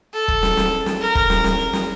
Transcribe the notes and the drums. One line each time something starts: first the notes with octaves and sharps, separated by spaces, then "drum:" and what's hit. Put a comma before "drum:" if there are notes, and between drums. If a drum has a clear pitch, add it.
A4
drum: kick
drum: snare
drum: snare
drum: snare
A#4
drum: kick
drum: snare
drum: snare
drum: snare